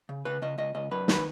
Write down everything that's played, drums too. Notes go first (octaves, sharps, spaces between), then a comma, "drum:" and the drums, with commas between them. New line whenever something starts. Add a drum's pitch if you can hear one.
C#3
C#3 B4
C#3 D#5
C#2 D#5
C#2 D#5
F#2 B4
D#3 B4, drum: snare